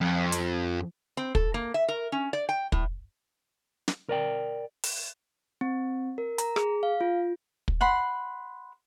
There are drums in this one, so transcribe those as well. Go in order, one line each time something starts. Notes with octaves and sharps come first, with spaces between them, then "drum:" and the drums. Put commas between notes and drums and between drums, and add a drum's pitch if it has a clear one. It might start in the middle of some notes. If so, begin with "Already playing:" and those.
F2
drum: hi-hat
C4
A4, drum: kick
A#3
E5
A#4
C#4
D5
G5
A2, drum: kick
drum: snare
A#4 D5 G5
drum: open hi-hat
C4
A#4
A#5, drum: hi-hat
G#4, drum: rim click
F5
F4
drum: kick
F#5 B5 C6